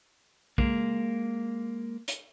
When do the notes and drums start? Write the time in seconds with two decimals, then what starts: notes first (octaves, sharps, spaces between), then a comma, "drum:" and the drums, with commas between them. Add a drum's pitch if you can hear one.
0.58 G#3 A#3, drum: kick
2.08 drum: hi-hat